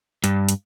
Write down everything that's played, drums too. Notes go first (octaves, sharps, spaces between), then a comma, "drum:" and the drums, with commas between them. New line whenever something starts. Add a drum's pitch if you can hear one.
G2, drum: hi-hat
drum: hi-hat